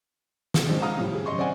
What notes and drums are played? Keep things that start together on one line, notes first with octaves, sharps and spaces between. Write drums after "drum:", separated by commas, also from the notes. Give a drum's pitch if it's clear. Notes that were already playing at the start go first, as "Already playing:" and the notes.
drum: snare
D#3 F3 G#3 C4 D4
F5 A#5 D#6 F6
A2 F3 G3
G#4
F#1 D#5 C6 C#6
C4 D5 D#5 F#5 G#5